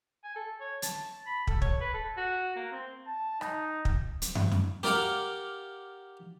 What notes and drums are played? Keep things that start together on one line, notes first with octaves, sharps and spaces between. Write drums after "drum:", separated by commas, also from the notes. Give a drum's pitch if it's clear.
G#5
A4
C#5
A5, drum: hi-hat
B5
A4, drum: kick
C#5, drum: kick
B4
A4
F#4
A#3
C4
A5
D#4, drum: rim click
drum: kick
drum: hi-hat
drum: tom F#2
drum: snare
G4 A#4 D5 F5 F#5, drum: snare